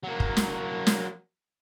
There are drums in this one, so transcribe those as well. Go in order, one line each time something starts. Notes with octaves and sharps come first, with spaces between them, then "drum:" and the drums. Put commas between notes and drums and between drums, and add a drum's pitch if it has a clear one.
F#3 A#3
drum: kick
drum: snare
drum: snare